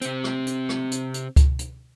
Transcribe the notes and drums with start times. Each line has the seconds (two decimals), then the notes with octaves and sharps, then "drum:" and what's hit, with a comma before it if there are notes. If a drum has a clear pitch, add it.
0.01 C3 C4, drum: hi-hat
0.24 drum: rim click
0.46 drum: hi-hat
0.69 drum: rim click
0.91 drum: hi-hat
1.14 drum: hi-hat
1.36 drum: kick C#2, hi-hat
1.59 drum: hi-hat